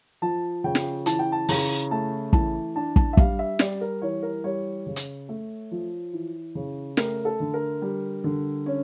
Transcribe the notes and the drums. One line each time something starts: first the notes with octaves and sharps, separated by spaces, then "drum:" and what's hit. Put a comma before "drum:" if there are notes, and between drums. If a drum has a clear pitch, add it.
F3 A5
C#3 G5
drum: snare
E3 A5, drum: hi-hat
G5
A5
C#3 A#5, drum: open hi-hat
A3 A5
E3 A5, drum: kick
D4 A5
A5, drum: kick
E5
G3 F5, drum: kick
E5
G3 D5, drum: snare
A#4
E3 C#5
A#4
G3 C#5
C#3
drum: hi-hat
A3
F3
E3
C#3
A3 A#4, drum: snare
A4
D3
A#4
G3
D3
C#4